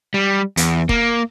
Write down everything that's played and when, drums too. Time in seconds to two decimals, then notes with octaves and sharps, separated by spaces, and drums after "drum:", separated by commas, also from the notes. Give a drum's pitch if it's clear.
0.14 G3
0.57 E2, drum: hi-hat
0.89 A#3, drum: kick